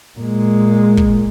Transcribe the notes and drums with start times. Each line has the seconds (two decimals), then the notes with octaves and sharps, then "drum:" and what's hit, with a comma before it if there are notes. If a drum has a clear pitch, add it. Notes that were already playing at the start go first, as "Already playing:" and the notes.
0.19 A#2 G#3
0.97 drum: kick